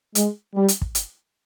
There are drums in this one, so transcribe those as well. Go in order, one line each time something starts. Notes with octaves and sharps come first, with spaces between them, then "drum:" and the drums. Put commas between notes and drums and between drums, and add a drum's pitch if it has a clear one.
G#3, drum: hi-hat
G3
drum: hi-hat
drum: kick
drum: hi-hat